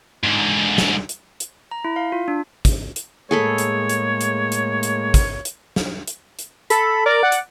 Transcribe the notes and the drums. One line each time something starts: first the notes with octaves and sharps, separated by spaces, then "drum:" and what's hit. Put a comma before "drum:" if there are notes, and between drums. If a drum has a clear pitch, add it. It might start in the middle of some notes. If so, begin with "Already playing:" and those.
G#2 D3
drum: snare
drum: hi-hat
drum: hi-hat
A#5
E4
F5
F4
D4
drum: kick, hi-hat
drum: hi-hat
A2 G#3 A#3 G#4 A4 C#5 B5
drum: hi-hat
drum: hi-hat
drum: hi-hat
drum: hi-hat
drum: hi-hat
drum: kick, hi-hat
drum: hi-hat
drum: snare
drum: hi-hat
drum: hi-hat
A4 B5, drum: hi-hat
A#4 D5
F#5
drum: hi-hat